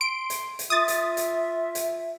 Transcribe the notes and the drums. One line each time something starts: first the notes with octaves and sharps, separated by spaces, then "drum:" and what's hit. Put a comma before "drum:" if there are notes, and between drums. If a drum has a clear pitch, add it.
C6 D7
drum: hi-hat
drum: hi-hat
F4 E5 D#6 A6
drum: hi-hat
drum: hi-hat
drum: hi-hat